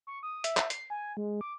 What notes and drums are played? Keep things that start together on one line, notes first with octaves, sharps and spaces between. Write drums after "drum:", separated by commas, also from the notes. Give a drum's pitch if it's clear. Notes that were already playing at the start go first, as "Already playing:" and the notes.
C#6
D#6
E5, drum: hi-hat
drum: clap
C7, drum: hi-hat
G#5
G#3
D6